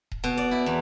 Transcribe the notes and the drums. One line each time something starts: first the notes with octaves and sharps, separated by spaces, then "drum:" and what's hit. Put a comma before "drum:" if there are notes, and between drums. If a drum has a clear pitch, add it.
drum: kick D#1
B2
D5
E4
E2